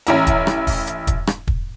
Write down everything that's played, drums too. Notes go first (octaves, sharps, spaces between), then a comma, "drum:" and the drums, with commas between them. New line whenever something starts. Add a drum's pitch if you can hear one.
A1 E4 A#5, drum: hi-hat
drum: kick, hi-hat
drum: rim click
drum: kick, open hi-hat
drum: hi-hat
drum: kick, hi-hat
drum: rim click
drum: kick